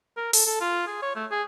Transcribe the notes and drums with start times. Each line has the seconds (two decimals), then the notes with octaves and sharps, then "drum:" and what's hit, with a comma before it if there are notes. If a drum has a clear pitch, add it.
0.17 A#4
0.33 A4, drum: open hi-hat
0.46 A4
0.61 F4
0.87 G#4
1.03 C#5
1.16 A3
1.32 G#4